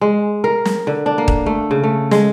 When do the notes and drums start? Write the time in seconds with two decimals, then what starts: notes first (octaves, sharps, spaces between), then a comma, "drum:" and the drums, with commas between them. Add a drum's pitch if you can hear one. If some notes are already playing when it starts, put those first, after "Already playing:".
0.01 G#3
0.44 A#4
0.65 drum: snare
0.87 D3
1.06 D4
1.18 A#3
1.28 drum: kick D#1
1.46 A3
1.71 C#3
1.84 A3
2.11 G#3, drum: snare